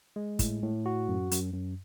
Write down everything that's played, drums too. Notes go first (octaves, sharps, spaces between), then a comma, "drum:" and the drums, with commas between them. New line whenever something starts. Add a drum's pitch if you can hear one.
G#3
A2, drum: kick, hi-hat
A2
F#4
F#2
F#2, drum: hi-hat
F#2